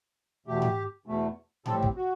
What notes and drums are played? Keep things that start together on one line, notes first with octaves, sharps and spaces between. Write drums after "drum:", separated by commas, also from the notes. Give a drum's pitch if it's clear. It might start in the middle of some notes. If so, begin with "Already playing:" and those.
E2 B2 A3 G4
drum: tom G#2
E2 B2 A3
A2 G3 C4 A4, drum: tom G#2
drum: kick
F#4